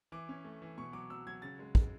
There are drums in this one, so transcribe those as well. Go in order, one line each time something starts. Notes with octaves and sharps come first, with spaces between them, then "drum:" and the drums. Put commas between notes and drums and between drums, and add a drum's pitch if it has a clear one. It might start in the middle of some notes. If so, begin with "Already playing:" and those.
E3 D6
C#4
A3
E3
B2 C#6
F#3 D6
F#3 E6
F#3 G#6
C#3 A6
G#3
G#3, drum: kick